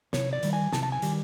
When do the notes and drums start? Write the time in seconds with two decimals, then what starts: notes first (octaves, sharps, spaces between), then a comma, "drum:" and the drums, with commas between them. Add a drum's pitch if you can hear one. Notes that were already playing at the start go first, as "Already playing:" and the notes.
0.13 C3 C#5, drum: snare
0.33 D5
0.43 D#3 G3, drum: hi-hat
0.53 G#5
0.73 C3 A5, drum: snare
0.83 A5
0.92 G#5
1.02 D#3 G3, drum: hi-hat